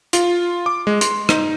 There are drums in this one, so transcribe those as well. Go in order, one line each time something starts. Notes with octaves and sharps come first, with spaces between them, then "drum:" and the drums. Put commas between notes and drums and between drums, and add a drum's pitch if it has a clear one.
F4, drum: hi-hat
D6
G#3
C6, drum: hi-hat
D#4, drum: rim click